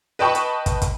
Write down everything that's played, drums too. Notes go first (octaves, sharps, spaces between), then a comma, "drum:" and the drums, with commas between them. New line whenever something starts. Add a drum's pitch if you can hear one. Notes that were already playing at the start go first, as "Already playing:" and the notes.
B4 D#5 G5 A5 B5 C#6
drum: hi-hat
drum: kick, hi-hat
drum: kick, hi-hat